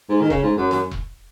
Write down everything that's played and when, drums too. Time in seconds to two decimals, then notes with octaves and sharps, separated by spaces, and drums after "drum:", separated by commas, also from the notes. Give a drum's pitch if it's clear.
0.09 G#2
0.21 D#3
0.30 C#3, drum: kick E1
0.43 G#2
0.57 F#2
0.71 F#2, drum: snare
0.91 drum: kick E1